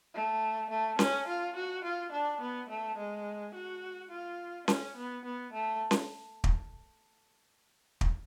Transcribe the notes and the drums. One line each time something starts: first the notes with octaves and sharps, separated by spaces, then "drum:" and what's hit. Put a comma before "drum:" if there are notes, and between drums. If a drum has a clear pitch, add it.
A3
A3
C#4, drum: snare C#4
F4
F#4
F4
D4
B3
A3
G#3
F#4
F4
C#4, drum: snare C#4
B3
B3
A3
drum: snare C#4
drum: kick
drum: kick